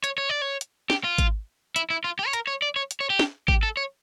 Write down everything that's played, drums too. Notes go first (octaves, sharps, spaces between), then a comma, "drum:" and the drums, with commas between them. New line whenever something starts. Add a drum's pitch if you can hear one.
C#5, drum: hi-hat
C#5
D5
C#5
drum: hi-hat
G4, drum: snare
F4
drum: kick G#1, hi-hat
E4, drum: hi-hat
E4
F4
G4
C#5
A#4, drum: hi-hat
C#5
D5
C#5
drum: hi-hat
C#5
G4
drum: snare
G4, drum: kick G#1
A4
C#5